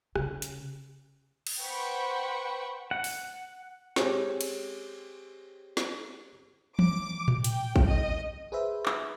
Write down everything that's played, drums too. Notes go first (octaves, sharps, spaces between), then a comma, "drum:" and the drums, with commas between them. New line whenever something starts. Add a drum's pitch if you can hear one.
C#3, drum: rim click
drum: hi-hat
drum: cymbal
B4 C5 F#5 G5 B5 C#6
F#5
drum: open hi-hat
G#3 C4 C#4 G4 G#5, drum: snare
drum: cymbal
drum: snare
D6, drum: tom E3
drum: tom A2
G5, drum: hi-hat
drum: kick A1
D#5
G#4 B4 C5 E5
drum: clap